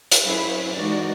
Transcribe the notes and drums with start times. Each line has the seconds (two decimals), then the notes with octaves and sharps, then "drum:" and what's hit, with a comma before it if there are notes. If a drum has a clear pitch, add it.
0.11 drum: hi-hat
0.24 F#3 C#4 E4 G#4 B4 C5
0.76 E3 G#3 D#4 F#4 D5